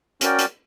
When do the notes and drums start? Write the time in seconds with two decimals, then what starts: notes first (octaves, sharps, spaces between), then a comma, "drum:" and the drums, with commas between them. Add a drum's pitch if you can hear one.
0.21 C#4 F#4 A#4 D5 G5, drum: hi-hat
0.39 drum: hi-hat